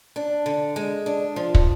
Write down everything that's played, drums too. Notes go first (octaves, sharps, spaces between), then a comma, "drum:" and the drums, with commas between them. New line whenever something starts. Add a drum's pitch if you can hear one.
D4
D3
G#3
D4
F3
drum: kick